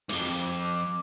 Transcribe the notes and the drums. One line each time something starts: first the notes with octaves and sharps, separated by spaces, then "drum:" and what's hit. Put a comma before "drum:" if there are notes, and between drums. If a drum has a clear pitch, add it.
F2 G#2 D6, drum: open hi-hat